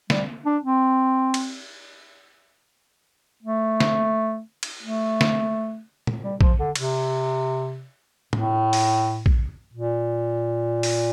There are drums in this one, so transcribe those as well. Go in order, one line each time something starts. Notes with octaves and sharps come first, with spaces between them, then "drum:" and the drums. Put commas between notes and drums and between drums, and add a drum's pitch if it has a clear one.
G3, drum: snare
D4
C4
drum: cymbal
A3
drum: snare
drum: cymbal
A3
drum: snare
drum: tom
G3
F3, drum: kick A#1
D3
C3, drum: cymbal
A2, drum: tom
drum: open hi-hat
drum: kick A#1
A#2
drum: open hi-hat